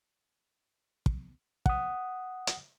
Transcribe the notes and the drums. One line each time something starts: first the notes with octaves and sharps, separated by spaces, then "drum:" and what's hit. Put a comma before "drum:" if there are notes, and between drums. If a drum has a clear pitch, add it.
drum: kick
F#5 D#6, drum: kick
drum: hi-hat